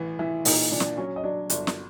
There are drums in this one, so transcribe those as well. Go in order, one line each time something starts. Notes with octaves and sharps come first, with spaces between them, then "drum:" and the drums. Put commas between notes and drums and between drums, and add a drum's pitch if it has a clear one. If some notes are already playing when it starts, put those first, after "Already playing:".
Already playing: A1 A2 E3
E3 E4 E5
A#2 D#4 D#5, drum: open hi-hat
A#2 D4 D5
drum: snare
F#3 C#4 C#5
D#5
F#3 D4 D5
G1 D4 D5, drum: hi-hat
drum: snare